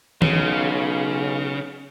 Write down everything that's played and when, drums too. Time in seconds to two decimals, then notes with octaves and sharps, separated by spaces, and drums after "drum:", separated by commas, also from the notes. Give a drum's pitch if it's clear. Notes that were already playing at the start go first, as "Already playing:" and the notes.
0.22 B1 C#3, drum: tom D#3